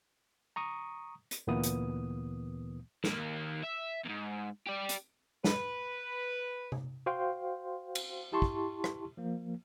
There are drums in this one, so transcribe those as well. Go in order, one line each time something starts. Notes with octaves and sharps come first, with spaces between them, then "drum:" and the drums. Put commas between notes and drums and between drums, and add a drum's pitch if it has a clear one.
A#5 C#6 D#6
drum: hi-hat
D2 A#2 E3 A#3 B3 D#6
drum: hi-hat
D#2 A#3, drum: snare
E5
E2 G#2
G4 D5
drum: hi-hat
B4, drum: snare
drum: tom C3
F#4 C5 F5 G5 C6
drum: cymbal
E4 G4 A5 C6 C#6
drum: kick
drum: rim click
F3 A#3